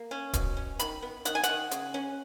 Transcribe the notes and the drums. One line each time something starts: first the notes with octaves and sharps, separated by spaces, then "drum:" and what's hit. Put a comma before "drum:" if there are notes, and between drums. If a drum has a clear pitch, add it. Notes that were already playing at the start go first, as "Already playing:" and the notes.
Already playing: A#3
C#4
B2, drum: kick, hi-hat
C#4
D#3 B5, drum: hi-hat
B3
D#3 F#5, drum: hi-hat
G#5
F#5, drum: hi-hat
D#3
C#3, drum: hi-hat
C#4